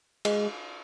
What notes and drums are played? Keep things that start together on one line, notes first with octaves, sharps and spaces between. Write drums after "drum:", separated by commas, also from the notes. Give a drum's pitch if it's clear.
G#3, drum: cymbal